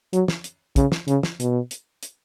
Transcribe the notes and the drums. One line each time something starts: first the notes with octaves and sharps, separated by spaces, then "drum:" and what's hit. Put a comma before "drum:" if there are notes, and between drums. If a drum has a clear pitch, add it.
F#3, drum: hi-hat
drum: snare
drum: hi-hat
C#3, drum: kick, hi-hat
drum: snare
C#3, drum: hi-hat
drum: snare
B2, drum: hi-hat
drum: hi-hat
drum: hi-hat